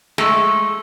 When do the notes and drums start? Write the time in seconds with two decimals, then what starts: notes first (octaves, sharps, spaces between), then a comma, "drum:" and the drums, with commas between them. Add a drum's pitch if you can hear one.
0.18 G#3 A3 A4, drum: snare